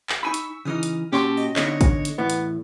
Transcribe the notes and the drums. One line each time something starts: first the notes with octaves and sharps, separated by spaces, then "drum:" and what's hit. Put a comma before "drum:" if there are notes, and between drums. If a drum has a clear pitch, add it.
drum: clap
D#4 G#5 B5 C#6 E6 B6
drum: hi-hat
C#3 E3 D#4 D#6 F6
drum: hi-hat
A#2 C#4 F#4 G4 C#5 A5 C6
D#5
D3 B3 D#4 C#5 D#5 A#6 C#7, drum: clap
drum: kick A1, hi-hat
drum: hi-hat
E2 A2 B3
drum: hi-hat